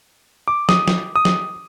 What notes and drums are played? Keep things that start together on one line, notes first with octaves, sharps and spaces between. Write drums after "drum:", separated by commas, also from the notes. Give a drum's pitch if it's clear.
D6
D#6, drum: snare
drum: snare
D#6
drum: snare